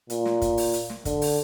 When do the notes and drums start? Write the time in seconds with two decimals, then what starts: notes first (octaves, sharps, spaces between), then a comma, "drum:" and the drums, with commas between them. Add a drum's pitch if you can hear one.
0.10 A#2, drum: hi-hat
0.26 drum: snare
0.42 drum: kick, hi-hat
0.58 drum: open hi-hat
0.74 drum: hi-hat
0.90 drum: snare
1.05 D3, drum: kick, hi-hat
1.22 drum: open hi-hat